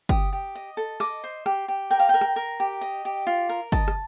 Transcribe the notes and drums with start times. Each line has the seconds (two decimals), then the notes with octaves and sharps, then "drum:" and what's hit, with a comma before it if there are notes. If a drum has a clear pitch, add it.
0.09 G4 D#6, drum: kick
0.33 G4
0.55 D#5
0.77 A4
1.00 D#5 D6, drum: rim click
1.24 C5
1.46 G4, drum: rim click
1.68 G4
1.91 A#4 G5
1.99 F5
2.09 A#4 G5
2.21 drum: rim click
2.36 A#4
2.60 G4
2.81 D#5
3.05 G4
3.27 F4
3.49 A#4
3.72 D#5 A5, drum: kick
3.88 drum: rim click